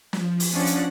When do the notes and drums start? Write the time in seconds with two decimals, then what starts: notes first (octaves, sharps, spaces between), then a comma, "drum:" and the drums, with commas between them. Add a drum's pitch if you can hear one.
0.13 F3, drum: snare
0.40 drum: open hi-hat
0.50 F3 C#4 D4 F#5
0.67 drum: hi-hat